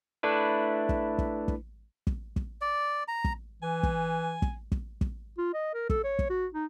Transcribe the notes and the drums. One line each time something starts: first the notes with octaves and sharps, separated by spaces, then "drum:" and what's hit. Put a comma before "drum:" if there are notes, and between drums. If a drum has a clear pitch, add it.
A3 D4 E4 B4
drum: kick
drum: kick
drum: kick
drum: kick
drum: kick
D5
A#5
drum: kick
E3 G#5
drum: kick
drum: kick
drum: kick
drum: kick
F4
D#5
A#4
A4, drum: kick
C#5
drum: kick
F#4
D#4